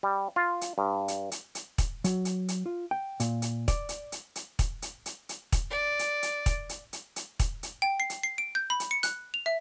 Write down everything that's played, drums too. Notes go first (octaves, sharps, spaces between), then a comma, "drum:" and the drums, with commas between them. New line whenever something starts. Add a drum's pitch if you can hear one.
G3
F4
drum: hi-hat
G2
drum: hi-hat
drum: hi-hat
drum: hi-hat
drum: kick, hi-hat
F#3, drum: hi-hat
drum: hi-hat
drum: hi-hat
F4
G5
A#2, drum: hi-hat
drum: hi-hat
D5, drum: kick, hi-hat
drum: hi-hat
drum: hi-hat
drum: hi-hat
drum: kick, hi-hat
drum: hi-hat
drum: hi-hat
drum: hi-hat
drum: kick, hi-hat
D5
drum: hi-hat
drum: hi-hat
drum: kick, hi-hat
drum: hi-hat
drum: hi-hat
drum: hi-hat
drum: kick, hi-hat
drum: hi-hat
G5
C7
drum: hi-hat
C7
D7
G6
B5
drum: hi-hat
C#7
F#6, drum: hi-hat
F7
E5